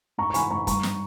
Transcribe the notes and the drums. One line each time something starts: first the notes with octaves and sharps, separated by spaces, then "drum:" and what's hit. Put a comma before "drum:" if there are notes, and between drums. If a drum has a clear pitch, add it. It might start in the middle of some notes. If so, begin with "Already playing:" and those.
G#2 A#5 C#6
C#6
E3 G#5 B5, drum: hi-hat
G#2 A#5 C#6
G2 A#5 C#6, drum: kick, hi-hat
drum: snare